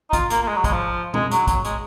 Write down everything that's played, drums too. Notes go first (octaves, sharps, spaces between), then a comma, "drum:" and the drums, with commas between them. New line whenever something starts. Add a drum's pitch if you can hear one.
D#4
F4, drum: kick, hi-hat
A#3, drum: hi-hat
A#3
G#3
F#3
G#3, drum: kick, hi-hat
F3
G#3, drum: tom A#2
F#3, drum: hi-hat
F#3, drum: kick, hi-hat
G#3, drum: hi-hat